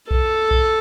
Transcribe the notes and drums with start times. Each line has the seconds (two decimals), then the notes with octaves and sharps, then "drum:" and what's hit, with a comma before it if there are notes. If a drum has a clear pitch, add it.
0.11 A4, drum: kick B1
0.51 drum: kick B1